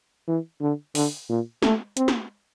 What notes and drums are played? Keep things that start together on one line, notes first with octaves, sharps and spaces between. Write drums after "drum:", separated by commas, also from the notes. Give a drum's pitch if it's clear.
E3
D3
D3, drum: open hi-hat
A#2
A3, drum: snare
C4, drum: hi-hat
drum: snare